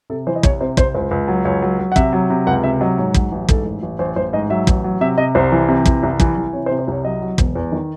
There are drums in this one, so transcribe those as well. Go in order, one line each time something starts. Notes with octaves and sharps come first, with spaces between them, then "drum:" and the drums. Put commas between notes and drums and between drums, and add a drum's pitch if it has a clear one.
C3 A4
E3 C5
D#5
C2 C#5, drum: kick
C3 C5
C2 C5, drum: kick
C#2 C5
C#2
F#3
C#2 C#5
F#3
F#3
F#5
C3 E5, drum: kick
F#3
C3
C#2 F#5
C3 E5
F#3 D#5
G#2 C#5
F#3, drum: kick
A1
G#2 A4, drum: kick
A1
A1
A1 C5
A1 C5
G#2 D#5
F#3 E5
A1, drum: kick
F#3
C3 E5
C3 D#5
C2 C5
E3
C3
E3, drum: kick
C2
E3, drum: kick
E3
C3 C#5
C5
C3
C5
C2 C#5
F#3 D#5
F#3
E1, drum: kick
E2
D#3